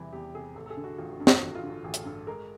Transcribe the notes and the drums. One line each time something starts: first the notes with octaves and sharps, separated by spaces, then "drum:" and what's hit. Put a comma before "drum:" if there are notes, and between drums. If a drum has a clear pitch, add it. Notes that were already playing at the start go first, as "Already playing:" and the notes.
Already playing: E2 C3 E3 G3
E2 G4
C3 G#4
A1 A4
A4
G#4
D3
F#4
A1 F4
F#4
G2
F4, drum: snare
A1 F#4
F4
D3
F#4
A1 G#4
drum: hi-hat
G2 A4
G#3 A#4